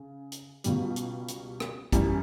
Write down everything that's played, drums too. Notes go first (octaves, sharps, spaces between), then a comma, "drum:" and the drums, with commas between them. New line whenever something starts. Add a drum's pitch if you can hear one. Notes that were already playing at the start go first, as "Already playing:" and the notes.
Already playing: C#3
drum: hi-hat
C#2 B2 G3, drum: hi-hat
drum: hi-hat
drum: hi-hat
drum: rim click
F#2 E3 G3, drum: kick, hi-hat